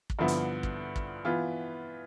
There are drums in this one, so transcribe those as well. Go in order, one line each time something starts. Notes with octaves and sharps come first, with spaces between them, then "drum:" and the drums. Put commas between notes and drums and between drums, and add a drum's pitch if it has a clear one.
drum: kick
G2 D3 F3 B3 E4
drum: hi-hat
drum: kick
drum: kick
E3 B3 F4